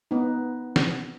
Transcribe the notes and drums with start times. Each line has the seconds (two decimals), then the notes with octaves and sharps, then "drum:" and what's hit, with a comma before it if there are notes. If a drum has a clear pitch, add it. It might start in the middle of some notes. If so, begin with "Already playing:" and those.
0.11 B3 D#4
0.76 drum: snare